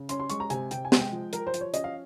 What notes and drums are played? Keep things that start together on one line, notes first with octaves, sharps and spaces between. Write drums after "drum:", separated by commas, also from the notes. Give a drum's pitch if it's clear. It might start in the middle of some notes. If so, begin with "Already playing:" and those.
Already playing: C#3
C#4 C6, drum: hi-hat
C6
G#3 C#6, drum: hi-hat
A#5
C3 G#5, drum: hi-hat
C3 G5, drum: hi-hat
G#5
G#3, drum: snare
G5
F3
F3 A#4, drum: hi-hat
C5
F3, drum: hi-hat
C#5
C#4 D#5, drum: hi-hat
F5